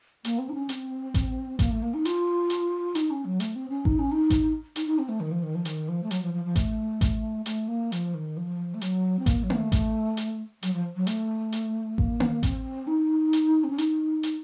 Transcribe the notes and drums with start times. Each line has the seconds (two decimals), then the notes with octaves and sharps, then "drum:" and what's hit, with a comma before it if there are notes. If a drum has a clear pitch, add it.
0.24 A#3, drum: hi-hat
0.39 C4
0.49 D#4
0.54 C#4
0.69 C4, drum: hi-hat
1.14 drum: kick A1, hi-hat
1.59 A#3, drum: kick A1, hi-hat
1.71 A3
1.83 A#3
1.94 D#4
2.05 F4, drum: hi-hat
2.50 drum: hi-hat
2.95 D#4, drum: hi-hat
3.11 C#4
3.25 F#3
3.40 A3, drum: hi-hat
3.56 C4
3.70 C#4
3.85 D#4, drum: kick A1
3.99 C#4
4.12 D#4
4.30 drum: kick A1, hi-hat
4.76 D#4, drum: hi-hat
4.86 D#4
4.99 C4
5.09 A3
5.20 D#3
5.31 F3
5.43 D#3
5.55 F3
5.65 D#3, drum: hi-hat
5.88 F3
6.03 A3
6.11 F#3, drum: hi-hat
6.22 F3
6.34 F3
6.45 F3
6.56 A3, drum: kick A1, hi-hat
7.01 drum: kick A1, hi-hat
7.46 A3, drum: hi-hat
7.68 A#3
7.92 F3, drum: hi-hat
8.14 D#3
8.37 F3
8.74 A3
8.81 F#3, drum: hi-hat
9.19 C4
9.26 A#3, drum: kick A1, hi-hat
9.43 F#3
9.50 A3, drum: tom A#3
9.72 drum: kick A1, hi-hat
10.17 drum: hi-hat
10.63 F#3, drum: hi-hat
10.73 F3
10.96 F#3
11.07 A3, drum: hi-hat
11.52 drum: hi-hat
11.98 A#3, drum: kick A1
12.20 drum: tom A#3
12.43 C4, drum: kick A1, hi-hat
12.87 D#4
13.33 drum: hi-hat
13.64 C4
13.70 C#4
13.78 D#4, drum: hi-hat
14.23 drum: hi-hat